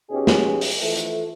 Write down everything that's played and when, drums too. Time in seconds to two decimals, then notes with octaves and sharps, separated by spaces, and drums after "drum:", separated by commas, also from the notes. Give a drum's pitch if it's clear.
0.10 B2 C#4 D#4 G4 G#4
0.27 drum: snare
0.61 drum: open hi-hat
0.81 E3 F3 A3
0.96 drum: hi-hat